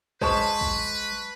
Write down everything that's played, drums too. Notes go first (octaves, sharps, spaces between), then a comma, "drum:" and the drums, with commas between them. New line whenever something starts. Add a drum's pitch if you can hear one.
G#3 B4 C5 A5 C#6, drum: kick
drum: kick